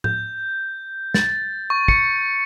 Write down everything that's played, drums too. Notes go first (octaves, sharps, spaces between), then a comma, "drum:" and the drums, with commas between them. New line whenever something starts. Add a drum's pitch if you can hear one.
G6, drum: tom A2
A6, drum: snare
C#6
C#7, drum: kick